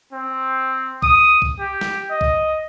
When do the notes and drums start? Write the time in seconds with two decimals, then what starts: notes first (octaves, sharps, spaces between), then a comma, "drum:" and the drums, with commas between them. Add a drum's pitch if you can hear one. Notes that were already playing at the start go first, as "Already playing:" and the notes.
0.13 C4
1.02 D#6, drum: kick B1
1.42 drum: kick B1
1.59 G4
1.81 drum: snare
2.11 D#5
2.21 drum: kick B1